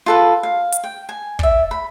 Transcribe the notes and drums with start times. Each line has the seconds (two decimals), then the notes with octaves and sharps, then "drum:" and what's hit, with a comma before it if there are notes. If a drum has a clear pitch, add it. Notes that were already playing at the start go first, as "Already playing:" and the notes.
0.06 F4 A4 B4
0.43 F5
0.72 drum: hi-hat
0.84 G5
1.09 G#5
1.39 D5 E5, drum: kick
1.71 B5